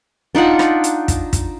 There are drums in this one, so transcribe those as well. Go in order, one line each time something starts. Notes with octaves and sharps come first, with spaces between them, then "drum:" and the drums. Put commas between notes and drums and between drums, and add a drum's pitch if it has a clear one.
D4 D#4 F4 F#5
drum: rim click
drum: hi-hat
drum: kick, hi-hat
drum: kick, hi-hat